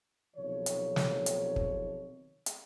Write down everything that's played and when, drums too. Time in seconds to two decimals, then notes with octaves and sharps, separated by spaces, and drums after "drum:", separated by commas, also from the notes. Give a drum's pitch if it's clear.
0.36 B1 C3 D#3 F3 C#5
0.66 drum: hi-hat
0.96 drum: snare
1.26 drum: hi-hat
1.56 drum: kick
2.46 drum: hi-hat